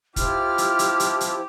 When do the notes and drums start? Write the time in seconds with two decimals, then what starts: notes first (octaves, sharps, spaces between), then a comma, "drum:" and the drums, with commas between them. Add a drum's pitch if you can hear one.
0.16 F3 E4 F4 G4 F6, drum: kick, hi-hat
0.58 drum: hi-hat
0.79 drum: hi-hat
1.00 drum: hi-hat
1.21 drum: hi-hat